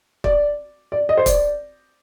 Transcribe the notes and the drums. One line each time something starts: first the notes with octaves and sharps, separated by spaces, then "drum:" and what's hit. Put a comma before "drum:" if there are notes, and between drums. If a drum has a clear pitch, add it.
D5, drum: kick
D5
D#5
C5
D5, drum: kick, hi-hat